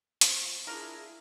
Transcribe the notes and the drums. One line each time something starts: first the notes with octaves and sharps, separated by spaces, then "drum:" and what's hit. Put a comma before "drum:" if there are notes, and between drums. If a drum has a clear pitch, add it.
F3, drum: hi-hat
D4 E4 F4 G#4 A#4